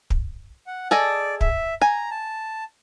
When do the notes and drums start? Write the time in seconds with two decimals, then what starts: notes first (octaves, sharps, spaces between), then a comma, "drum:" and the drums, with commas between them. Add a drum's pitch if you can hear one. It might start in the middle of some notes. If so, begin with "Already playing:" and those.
0.10 drum: kick
0.67 F#5
0.91 G#4 A4 D5 D#5
1.41 E5, drum: kick
1.82 G#5 A#5
2.11 A5